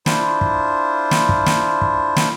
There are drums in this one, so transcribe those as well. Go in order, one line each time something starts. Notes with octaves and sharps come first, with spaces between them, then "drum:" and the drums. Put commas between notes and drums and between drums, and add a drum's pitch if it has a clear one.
D4 E4 F4 C5, drum: snare
drum: kick
drum: snare
drum: kick
drum: snare
drum: kick
drum: snare